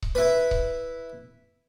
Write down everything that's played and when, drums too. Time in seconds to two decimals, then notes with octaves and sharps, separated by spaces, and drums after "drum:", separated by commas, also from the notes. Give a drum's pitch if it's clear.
0.02 drum: kick C#1
0.15 E4 B4
0.51 drum: kick C#1